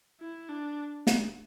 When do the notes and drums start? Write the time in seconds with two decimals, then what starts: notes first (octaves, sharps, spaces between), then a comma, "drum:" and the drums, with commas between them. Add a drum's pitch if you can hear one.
0.20 E4
0.49 D4
1.07 drum: snare